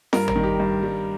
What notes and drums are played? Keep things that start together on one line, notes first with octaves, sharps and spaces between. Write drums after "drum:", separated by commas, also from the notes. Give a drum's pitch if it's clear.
G2 A#4, drum: snare
A#4, drum: tom
D#3
G4
G2
G3